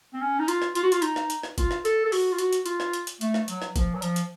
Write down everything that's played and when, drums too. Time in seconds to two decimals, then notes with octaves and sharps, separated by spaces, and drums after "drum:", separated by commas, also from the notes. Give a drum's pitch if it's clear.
0.14 C4
0.21 C#4
0.39 D#4
0.48 F4, drum: hi-hat
0.62 drum: rim click
0.75 F4, drum: hi-hat
0.83 F#4
0.92 F4, drum: hi-hat
1.02 D#4, drum: hi-hat
1.16 drum: rim click
1.30 drum: hi-hat
1.43 drum: rim click
1.58 F4, drum: kick, hi-hat
1.71 drum: rim click
1.85 A4, drum: hi-hat
2.05 A4
2.12 F#4, drum: open hi-hat
2.32 F4
2.38 F#4, drum: hi-hat
2.53 drum: hi-hat
2.66 F4, drum: hi-hat
2.80 drum: rim click
2.93 drum: hi-hat
3.07 drum: hi-hat
3.21 A3, drum: hi-hat
3.34 drum: rim click
3.48 F#3, drum: hi-hat
3.62 drum: rim click
3.76 F3, drum: kick, hi-hat
3.95 F#3
4.02 F3, drum: hi-hat
4.16 drum: hi-hat